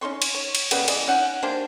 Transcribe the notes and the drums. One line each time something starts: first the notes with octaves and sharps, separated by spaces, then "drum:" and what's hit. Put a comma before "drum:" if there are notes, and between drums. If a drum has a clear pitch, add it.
C#4 D#4 C6 C#6
drum: cymbal
C#5
drum: cymbal
C#3 G3 A#3 B3, drum: cymbal
E3 D5 D#5, drum: cymbal
C#4 D#4 F#5
A#3 D4 G4 C5